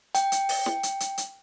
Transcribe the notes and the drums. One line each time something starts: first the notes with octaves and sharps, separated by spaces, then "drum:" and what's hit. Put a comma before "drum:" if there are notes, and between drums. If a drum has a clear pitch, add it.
G5, drum: hi-hat
drum: hi-hat
drum: open hi-hat
drum: snare
drum: hi-hat
drum: hi-hat
drum: hi-hat